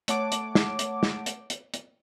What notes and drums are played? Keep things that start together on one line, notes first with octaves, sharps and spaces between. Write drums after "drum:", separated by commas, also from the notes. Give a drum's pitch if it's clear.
A3 C#5 F#5 A5 D6 D7, drum: hi-hat
drum: hi-hat
drum: snare
drum: hi-hat
drum: snare
drum: hi-hat
drum: hi-hat
drum: hi-hat